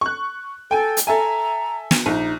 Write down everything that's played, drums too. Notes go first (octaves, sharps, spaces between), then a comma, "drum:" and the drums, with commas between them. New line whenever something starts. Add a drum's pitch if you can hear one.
C#6 F#6
A4 G5 G#5
drum: hi-hat
A4 E5 G#5 A#5
drum: snare
A#1 D#4